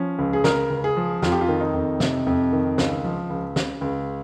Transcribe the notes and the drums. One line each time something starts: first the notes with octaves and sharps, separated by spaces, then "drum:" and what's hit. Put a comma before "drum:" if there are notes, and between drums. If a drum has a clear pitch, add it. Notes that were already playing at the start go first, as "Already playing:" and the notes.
Already playing: F3 C#4
C#2
G#4
C#3 A#4, drum: snare
C#2
G#4
F3
F2 F4, drum: snare
G4
F4
D#3
D#4
F2
C3, drum: snare
F2
D#3
C#2, drum: snare
F3
C#2
C#3, drum: snare
C#2